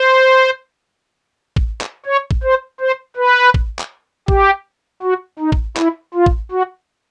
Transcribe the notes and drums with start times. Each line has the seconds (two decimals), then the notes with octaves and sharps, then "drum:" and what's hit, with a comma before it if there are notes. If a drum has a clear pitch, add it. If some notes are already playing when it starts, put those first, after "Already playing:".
Already playing: C5
1.56 drum: kick
1.81 drum: clap
2.06 C#5
2.31 drum: kick
2.44 C5
2.81 C5
3.17 B4
3.54 drum: kick
3.79 drum: clap
4.28 G4, drum: kick
5.02 F#4
5.39 D#4
5.52 drum: kick
5.77 E4, drum: clap
6.14 F4
6.26 drum: kick
6.51 F#4